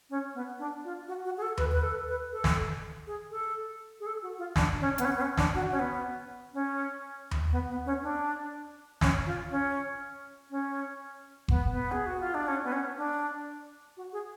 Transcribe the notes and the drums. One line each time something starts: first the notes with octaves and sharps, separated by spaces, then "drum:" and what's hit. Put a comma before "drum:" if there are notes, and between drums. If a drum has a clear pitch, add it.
C#4
B3
D4
F4
F#4
F#4
G#4
A4
B4, drum: tom D#2
B4
A4
B4
A4
drum: snare
G#4
A4
G#4
A4
F#4
F4
D4, drum: snare
C#4
B3, drum: hi-hat
C#4
B3
C#4
D4, drum: snare
F#4
C#4
B3
C#4
drum: tom D#2
B3
B3
C#4
D4
C#4, drum: snare
F4
C#4
C#4
B3, drum: kick F#1
B3
G#4
F#4
F4
D4
C#4
B3
C#4
D4
F#4
G#4